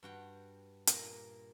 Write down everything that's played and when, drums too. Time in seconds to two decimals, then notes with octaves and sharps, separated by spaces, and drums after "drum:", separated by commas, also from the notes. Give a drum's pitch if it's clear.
0.03 G2 F#4 G5
0.87 A#2 A#3, drum: hi-hat